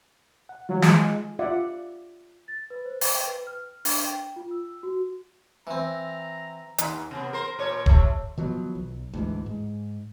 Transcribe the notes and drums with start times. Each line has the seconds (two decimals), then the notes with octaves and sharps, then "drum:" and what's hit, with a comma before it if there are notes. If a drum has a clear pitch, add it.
0.49 F#5
0.69 D#3 F#3 F4
0.82 G#3, drum: snare
1.39 F4 D5 E5 F#5
2.48 A6
2.70 B4
2.86 C5
3.01 drum: open hi-hat
3.13 G5
3.26 B4
3.47 F6
3.85 D4, drum: open hi-hat
4.05 G5
4.36 F4
4.51 E6
4.83 F#4
5.67 E3 C4 A#5
6.78 D#2, drum: hi-hat
7.11 C3 B3
7.33 A#4 C5
7.59 A#2 C#5
7.86 C3 A3, drum: kick D#1
8.38 D#3 F3 F#3 B3
8.75 B1
9.13 D2 G#2 E3
9.46 G#2